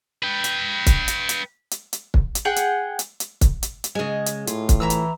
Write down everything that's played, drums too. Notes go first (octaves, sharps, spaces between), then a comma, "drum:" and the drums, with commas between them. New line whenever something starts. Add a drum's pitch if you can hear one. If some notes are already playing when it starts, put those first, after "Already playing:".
B4 G5
drum: hi-hat
drum: kick, hi-hat
drum: hi-hat
drum: hi-hat
drum: hi-hat
drum: hi-hat
drum: kick
drum: hi-hat
G#4 F#5 G5
drum: hi-hat
drum: hi-hat
drum: hi-hat
drum: kick, hi-hat
drum: hi-hat
drum: hi-hat
C#3 G#3 D#5 G#5
drum: hi-hat
A2 F4, drum: hi-hat
drum: kick, hi-hat
E3 E5 A#5 E6
drum: hi-hat